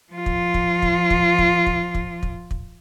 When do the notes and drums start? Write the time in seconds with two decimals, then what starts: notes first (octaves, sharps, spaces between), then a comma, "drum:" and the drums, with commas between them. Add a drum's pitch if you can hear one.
0.12 F3 F4
0.26 drum: kick
0.54 drum: kick
0.82 drum: kick
1.10 drum: kick
1.38 drum: kick
1.66 drum: kick
1.95 drum: kick
2.23 drum: kick
2.51 drum: kick